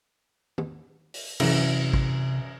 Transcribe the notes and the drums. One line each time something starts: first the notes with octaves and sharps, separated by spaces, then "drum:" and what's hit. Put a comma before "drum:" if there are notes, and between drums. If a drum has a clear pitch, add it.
drum: tom
drum: open hi-hat
F#2 C3 E3, drum: cymbal
drum: kick